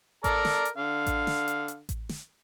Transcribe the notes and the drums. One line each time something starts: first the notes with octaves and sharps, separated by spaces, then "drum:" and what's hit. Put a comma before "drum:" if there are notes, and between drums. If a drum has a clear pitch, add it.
A4 A#4 D5 A#5, drum: kick A1, hi-hat
drum: snare
drum: hi-hat
D3 F5
drum: kick A1, hi-hat
drum: snare
drum: hi-hat
drum: hi-hat
drum: kick A1, hi-hat
drum: snare